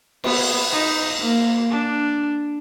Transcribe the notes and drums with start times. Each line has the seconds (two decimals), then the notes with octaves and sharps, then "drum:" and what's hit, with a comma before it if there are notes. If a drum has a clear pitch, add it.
0.24 B3, drum: cymbal
0.71 D#4
1.21 A#3
1.70 D4